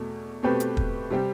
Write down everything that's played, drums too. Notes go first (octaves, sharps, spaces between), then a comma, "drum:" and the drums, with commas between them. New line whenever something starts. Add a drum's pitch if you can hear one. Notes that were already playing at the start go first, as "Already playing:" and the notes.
Already playing: E2 B2 A3
B2 A3 C4 G4 B4
drum: hi-hat
drum: kick
C3 G3 C4 G4